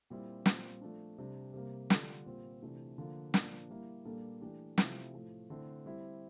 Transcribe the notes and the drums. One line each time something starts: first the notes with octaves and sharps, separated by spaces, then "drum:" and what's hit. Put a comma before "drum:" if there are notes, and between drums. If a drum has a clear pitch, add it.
A#2 G3 C4 E4
A#2 G3 C4 F4, drum: snare
F3 A3 D4
C3 G3 D4
C3 G3 A#3
D3 G3 D4 F4 A4, drum: snare
A#2 G3 C4 F4
C3 E3 A3 D4 F4
D3 F3 A#3
A#2 F3 A#3 D4, drum: snare
G3 A#3 E4
A#2 G3 A#3 D4 A4
E3 A3 D4 G4
C3 F3 A3 C4 E4, drum: snare
A2 F3 A3
D3 A3 C4 E4
G3 C4 E4